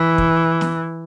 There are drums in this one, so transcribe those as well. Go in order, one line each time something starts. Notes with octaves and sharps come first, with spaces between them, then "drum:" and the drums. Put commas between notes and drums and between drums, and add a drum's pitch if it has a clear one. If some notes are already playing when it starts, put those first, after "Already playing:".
Already playing: E3
drum: kick
drum: snare